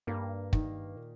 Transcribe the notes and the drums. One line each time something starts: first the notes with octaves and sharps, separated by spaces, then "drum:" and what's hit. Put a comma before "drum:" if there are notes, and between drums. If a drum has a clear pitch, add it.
G2 A#3
D#3, drum: kick
A#2